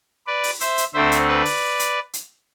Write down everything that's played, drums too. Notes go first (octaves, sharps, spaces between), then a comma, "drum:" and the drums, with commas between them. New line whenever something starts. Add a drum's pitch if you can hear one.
B4 D5
drum: open hi-hat
C5 E5, drum: hi-hat
drum: hi-hat
D2 D3 A3 C4 C5 E5
drum: hi-hat
B4 D5
drum: open hi-hat
drum: hi-hat
drum: hi-hat